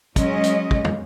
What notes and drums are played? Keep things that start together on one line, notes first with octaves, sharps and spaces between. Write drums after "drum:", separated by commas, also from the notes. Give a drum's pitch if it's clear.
F#3 G#3 C#4 D#5, drum: kick, hi-hat
drum: hi-hat
drum: kick
drum: tom